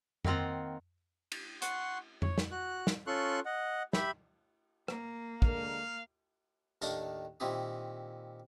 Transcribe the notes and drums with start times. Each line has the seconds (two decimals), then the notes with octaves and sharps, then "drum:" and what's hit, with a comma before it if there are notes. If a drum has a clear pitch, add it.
0.25 D#3 A#3 C4 F4 F#5, drum: tom F2
1.32 drum: cymbal
1.62 F#5 C6 C#6, drum: hi-hat
2.22 C#5, drum: tom F2
2.38 drum: snare
2.51 F#4 F#6
2.87 drum: snare
3.07 C#4 F4 A4 C6 C#6 F#6
3.45 D#5 F#5
3.93 G4 E5 B5, drum: snare
4.88 A#3, drum: rim click
5.42 D3 G#3 A#4 F5, drum: kick
6.82 D#2 A2 D#3 D4 D5, drum: tambourine
7.40 A#2 D#3 C4 E4 G4 D#6